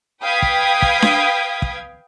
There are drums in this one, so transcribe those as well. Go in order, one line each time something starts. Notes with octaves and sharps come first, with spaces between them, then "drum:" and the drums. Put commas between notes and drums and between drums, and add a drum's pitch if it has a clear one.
B4 F5 G5 D#6 G#6 B6
drum: kick
drum: kick
drum: snare D4
drum: kick